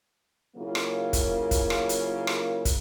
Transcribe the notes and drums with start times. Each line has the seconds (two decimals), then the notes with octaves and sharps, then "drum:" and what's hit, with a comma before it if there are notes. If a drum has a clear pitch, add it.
0.56 C#3 F#3 A#3 E4 F4 A#4
0.75 drum: rim click
1.13 drum: kick, hi-hat
1.51 drum: kick, hi-hat
1.70 drum: rim click
1.89 drum: hi-hat
2.27 drum: rim click
2.65 drum: kick, hi-hat